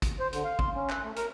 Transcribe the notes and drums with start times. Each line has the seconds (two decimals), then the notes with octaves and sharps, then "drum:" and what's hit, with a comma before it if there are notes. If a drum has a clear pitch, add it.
0.02 drum: kick, hi-hat
0.20 C5
0.33 D3, drum: hi-hat
0.44 F5
0.59 C6, drum: kick
0.75 C#4
0.90 F#6, drum: clap
1.04 A3
1.16 A#4, drum: hi-hat